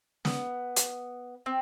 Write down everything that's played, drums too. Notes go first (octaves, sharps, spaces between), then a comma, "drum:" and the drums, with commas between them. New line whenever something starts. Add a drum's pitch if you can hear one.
B3, drum: snare
drum: hi-hat
C4